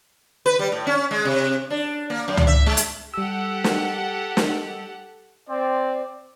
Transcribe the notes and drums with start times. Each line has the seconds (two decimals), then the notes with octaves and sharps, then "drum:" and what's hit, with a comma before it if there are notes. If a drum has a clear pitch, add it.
0.46 B4
0.59 G3
0.72 A2
0.87 C#4
1.11 G#3
1.25 C3
1.70 D4
2.10 A#3
2.28 F#2
2.37 drum: tom C#2
2.47 E5
2.66 G#3
2.77 drum: hi-hat
3.14 G3 G4 A4 F#5 E6
3.64 drum: snare
4.37 drum: snare
5.49 C4 D5